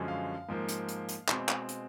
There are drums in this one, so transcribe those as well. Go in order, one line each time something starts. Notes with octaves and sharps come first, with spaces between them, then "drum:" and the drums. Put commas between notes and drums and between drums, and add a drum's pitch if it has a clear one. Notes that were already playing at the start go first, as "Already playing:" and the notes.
Already playing: F#2 D3 F3 G#3 C#4
F5
G#2 F3 A#3
drum: hi-hat
drum: hi-hat
drum: hi-hat
B2 G#3 C4, drum: clap
drum: clap
drum: hi-hat